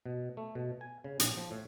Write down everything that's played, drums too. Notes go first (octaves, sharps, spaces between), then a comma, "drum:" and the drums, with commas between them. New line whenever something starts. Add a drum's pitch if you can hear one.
B2
A3
B2
G#5
C#3
A#1, drum: hi-hat
F3
A2